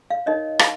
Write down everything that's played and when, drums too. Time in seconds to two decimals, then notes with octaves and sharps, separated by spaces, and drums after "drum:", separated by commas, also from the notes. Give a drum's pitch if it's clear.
0.10 F5
0.26 D#4 A#4 C#5 D#5
0.59 F5, drum: rim click